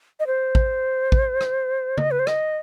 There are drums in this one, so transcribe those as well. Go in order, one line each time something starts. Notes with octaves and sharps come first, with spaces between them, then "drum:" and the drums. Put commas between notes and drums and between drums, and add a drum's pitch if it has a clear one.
D#5
C5
drum: kick
drum: kick
drum: rim click
D#5, drum: tom C#3
B4
C5
D#5, drum: rim click